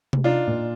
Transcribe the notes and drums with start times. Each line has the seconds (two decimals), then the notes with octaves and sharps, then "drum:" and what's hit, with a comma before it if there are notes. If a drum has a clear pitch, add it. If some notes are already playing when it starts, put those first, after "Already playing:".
0.13 drum: tom C3
0.24 D4 D#4 F4
0.47 A#2